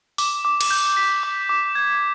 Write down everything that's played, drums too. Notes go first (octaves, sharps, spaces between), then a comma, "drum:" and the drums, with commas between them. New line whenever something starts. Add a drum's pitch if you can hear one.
D6, drum: open hi-hat
D6
drum: cymbal
G6
B6
D6
D6
G#6